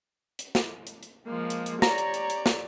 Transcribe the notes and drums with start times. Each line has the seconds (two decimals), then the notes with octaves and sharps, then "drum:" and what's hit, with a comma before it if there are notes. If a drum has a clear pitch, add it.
0.39 drum: hi-hat
0.55 drum: snare
0.87 drum: hi-hat
1.03 drum: hi-hat
1.26 F3 G#3 A#3
1.50 drum: hi-hat
1.66 drum: hi-hat
1.82 G4 C#5 D5 A#5, drum: snare
1.98 drum: hi-hat
2.14 drum: hi-hat
2.30 drum: hi-hat
2.46 drum: snare